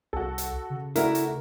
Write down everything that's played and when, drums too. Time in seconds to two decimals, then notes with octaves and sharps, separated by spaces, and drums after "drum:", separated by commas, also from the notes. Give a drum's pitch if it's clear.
0.13 C2 F#4 A4
0.38 drum: hi-hat
0.70 C#3
0.96 A3 D4 E4 F#4 A#4, drum: hi-hat
1.15 drum: hi-hat